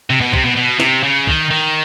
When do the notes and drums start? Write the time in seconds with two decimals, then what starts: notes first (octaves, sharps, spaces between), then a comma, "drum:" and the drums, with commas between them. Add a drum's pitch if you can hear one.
0.10 C3
0.21 B2
0.34 C3, drum: kick
0.45 B2
0.57 B2
0.80 C3, drum: snare
1.04 C#3
1.27 D#3, drum: kick
1.51 D#3